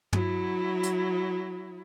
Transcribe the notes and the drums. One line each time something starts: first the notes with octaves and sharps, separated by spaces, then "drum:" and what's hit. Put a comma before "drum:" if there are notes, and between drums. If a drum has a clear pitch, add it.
F#3 E4, drum: tom
drum: hi-hat